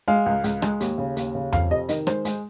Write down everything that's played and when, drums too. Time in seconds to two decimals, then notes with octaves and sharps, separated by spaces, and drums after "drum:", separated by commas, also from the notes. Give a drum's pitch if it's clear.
0.08 G#3 F5
0.26 C#2
0.44 C#2, drum: hi-hat
0.62 G#3, drum: rim click
0.80 D#2, drum: hi-hat
0.98 C#3
1.17 D#2, drum: hi-hat
1.35 C#3
1.52 F2 F5, drum: tom E2
1.71 C3 D#5
1.89 D#3 D#5, drum: hi-hat
2.07 G#3 C5, drum: rim click
2.25 G#3, drum: hi-hat